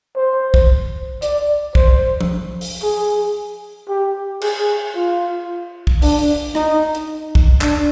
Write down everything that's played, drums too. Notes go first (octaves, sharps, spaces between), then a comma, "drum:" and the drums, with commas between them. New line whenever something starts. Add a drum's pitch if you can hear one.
C5
drum: kick
D5, drum: hi-hat
C5, drum: kick
drum: tom
drum: open hi-hat
G#4
G4
G#4, drum: cymbal
F4
drum: kick
D4, drum: open hi-hat
D#4, drum: rim click
drum: hi-hat
drum: kick
D4, drum: clap